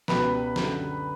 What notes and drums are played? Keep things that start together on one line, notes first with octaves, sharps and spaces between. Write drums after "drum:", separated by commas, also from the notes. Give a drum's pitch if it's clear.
C#2 B2 G3 B4 B5, drum: snare
F#2 D3 G3, drum: snare